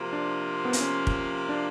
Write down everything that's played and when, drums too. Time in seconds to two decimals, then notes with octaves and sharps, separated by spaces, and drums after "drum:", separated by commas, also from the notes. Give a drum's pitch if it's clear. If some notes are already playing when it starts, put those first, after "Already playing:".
Already playing: C3 F3 A#3
0.13 D4
0.65 B3
0.73 C4, drum: hi-hat
0.81 C#4
1.07 drum: kick
1.49 D4